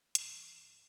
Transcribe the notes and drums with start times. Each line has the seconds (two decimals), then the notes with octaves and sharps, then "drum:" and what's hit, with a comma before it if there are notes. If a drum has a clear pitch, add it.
0.15 G2 E3, drum: hi-hat